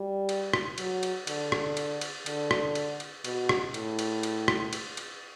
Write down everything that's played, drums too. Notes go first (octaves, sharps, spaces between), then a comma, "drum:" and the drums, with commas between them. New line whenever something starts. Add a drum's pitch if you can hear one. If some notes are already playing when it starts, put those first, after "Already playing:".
Already playing: G3
drum: cymbal
drum: rim click
F#3, drum: cymbal
drum: cymbal
D3, drum: cymbal
drum: rim click
drum: cymbal
drum: cymbal
D3, drum: cymbal
drum: rim click
drum: cymbal
drum: cymbal
B2, drum: cymbal
drum: rim click
A2, drum: cymbal
drum: cymbal
drum: cymbal
drum: rim click
drum: cymbal
drum: cymbal